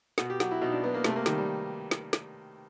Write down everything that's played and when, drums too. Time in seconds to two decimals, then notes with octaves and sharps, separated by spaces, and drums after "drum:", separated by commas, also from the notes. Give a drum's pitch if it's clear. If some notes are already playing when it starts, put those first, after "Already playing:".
0.18 B2 F#4, drum: snare
0.30 G4
0.40 F#3 F#4, drum: snare
0.51 E4
0.61 B2 D#4
0.72 D4
0.84 F#3 B3
0.94 A#3
1.04 C3 A3, drum: snare
1.16 A#3
1.26 D#3 G3, drum: snare
1.38 G3
1.91 drum: snare
2.13 drum: snare